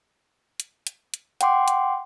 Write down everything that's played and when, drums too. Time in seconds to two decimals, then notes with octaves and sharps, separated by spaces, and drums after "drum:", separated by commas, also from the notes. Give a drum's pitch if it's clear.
0.60 drum: hi-hat
0.87 drum: hi-hat
1.14 drum: hi-hat
1.41 F#5 G5 C6 D6, drum: hi-hat
1.68 drum: hi-hat